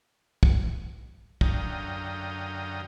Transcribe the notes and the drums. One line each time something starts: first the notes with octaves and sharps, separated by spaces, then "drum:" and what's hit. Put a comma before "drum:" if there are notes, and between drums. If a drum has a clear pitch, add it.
drum: kick
F#2 D3 F5 G5 A#5 D#6, drum: kick